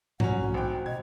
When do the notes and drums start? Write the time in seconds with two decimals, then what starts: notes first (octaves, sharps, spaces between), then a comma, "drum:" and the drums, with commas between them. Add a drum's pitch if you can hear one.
0.20 F#2 B2 F3 F#3 C#4 F#5, drum: tom G#2
0.40 B1 A2 F#4
0.54 G#1 G5
0.86 B2 D#5 G#6